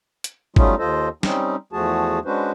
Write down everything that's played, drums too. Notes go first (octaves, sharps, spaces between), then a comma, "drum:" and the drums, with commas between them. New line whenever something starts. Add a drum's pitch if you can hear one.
drum: hi-hat
F#3 G3 A3 C#4 D#4 F4, drum: kick
D#2 F4 A4 C5 D#5
G3 C4 C#4 D#4, drum: snare
E2 F3 A3 F#4 G#4 A5
G#3 C#4 D4 F#4 B4 C5